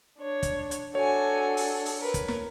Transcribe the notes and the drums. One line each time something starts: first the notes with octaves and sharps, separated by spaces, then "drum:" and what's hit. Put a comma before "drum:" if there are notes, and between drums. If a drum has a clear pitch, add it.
D4 C#5
drum: kick, hi-hat
drum: hi-hat
D4 F#4 A4 C#5 G#5
drum: open hi-hat
drum: open hi-hat
A#4 B4
drum: kick, hi-hat
drum: snare